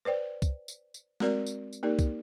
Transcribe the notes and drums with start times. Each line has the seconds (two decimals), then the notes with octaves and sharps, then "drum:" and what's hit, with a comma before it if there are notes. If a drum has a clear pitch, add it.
0.05 B4 C5 D5 G5
0.42 drum: kick C2, tambourine
0.68 drum: tambourine
0.94 drum: tambourine
1.20 G#3 C4 F#4 A#4 D5, drum: snare A3
1.46 drum: tambourine
1.73 drum: tambourine
1.83 A#3 D#4 G4 A#4 D5
1.99 drum: kick C2, tambourine